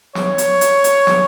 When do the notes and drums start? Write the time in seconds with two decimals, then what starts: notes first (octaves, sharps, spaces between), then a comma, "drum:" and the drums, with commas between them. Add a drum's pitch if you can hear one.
0.15 C#5, drum: snare
0.38 drum: hi-hat
0.61 drum: hi-hat
0.84 drum: hi-hat
1.07 drum: snare